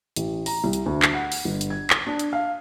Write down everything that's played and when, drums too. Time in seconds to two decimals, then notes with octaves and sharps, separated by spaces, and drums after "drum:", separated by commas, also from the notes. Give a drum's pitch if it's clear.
0.16 A1, drum: hi-hat
0.46 A#5, drum: open hi-hat
0.64 C2
0.73 drum: hi-hat
0.86 D2
1.02 drum: clap
1.14 F#5
1.32 drum: open hi-hat
1.45 G1
1.61 drum: hi-hat
1.70 G#6
1.90 D#6, drum: clap
2.07 D4
2.19 drum: hi-hat
2.33 F5